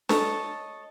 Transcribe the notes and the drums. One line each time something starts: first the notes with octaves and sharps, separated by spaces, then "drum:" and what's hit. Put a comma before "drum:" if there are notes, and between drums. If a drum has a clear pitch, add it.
A4 C#5 D#5 A5, drum: snare D4